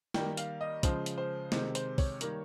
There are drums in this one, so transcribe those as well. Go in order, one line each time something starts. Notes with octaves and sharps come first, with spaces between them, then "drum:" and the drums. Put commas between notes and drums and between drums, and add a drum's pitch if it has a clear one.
D#3 G3 A#3 G5, drum: snare
F5, drum: hi-hat
D#5
C#3 F3 G#3 C5, drum: kick, hi-hat
drum: hi-hat
C5
C3 D#3 G#3 C5, drum: snare
C5, drum: hi-hat
C#5, drum: kick, open hi-hat
D#3 G3 A#3, drum: hi-hat